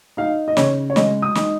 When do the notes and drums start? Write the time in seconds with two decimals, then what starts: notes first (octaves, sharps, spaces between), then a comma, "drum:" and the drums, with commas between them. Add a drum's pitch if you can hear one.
0.17 D#4 F5
0.48 D#5
0.57 C#3 C#5, drum: snare
0.90 C#5
0.96 G#3 D#5, drum: snare
1.22 D#6
1.35 D#4, drum: snare